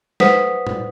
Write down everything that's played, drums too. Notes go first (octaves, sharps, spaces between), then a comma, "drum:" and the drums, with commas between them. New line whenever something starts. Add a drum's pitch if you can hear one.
B4 C5 F#5 D#6 B6, drum: snare
drum: tom A2